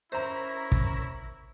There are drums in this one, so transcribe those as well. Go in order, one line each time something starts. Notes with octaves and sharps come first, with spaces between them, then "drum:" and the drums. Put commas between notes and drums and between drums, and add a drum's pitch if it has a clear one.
C#4 E4 A#4 C5 E5 A#5
drum: kick